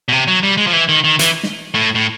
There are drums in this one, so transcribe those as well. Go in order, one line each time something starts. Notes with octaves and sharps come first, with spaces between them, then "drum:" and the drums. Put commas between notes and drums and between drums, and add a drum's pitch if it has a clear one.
B2
C3
F#3
G3
G#3
F3
E3
D#3
D#3
E3, drum: hi-hat
drum: snare
A2
A2